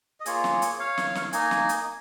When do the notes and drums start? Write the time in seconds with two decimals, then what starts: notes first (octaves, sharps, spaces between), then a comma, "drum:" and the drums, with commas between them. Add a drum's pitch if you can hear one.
0.20 D#5
0.26 A#3 F4 G#4 C#5, drum: hi-hat
0.44 drum: snare
0.62 drum: hi-hat
0.79 C#5 F5
0.98 drum: snare
1.15 drum: snare
1.33 A#3 D#4 D#5 G#5, drum: hi-hat
1.51 drum: snare
1.69 drum: hi-hat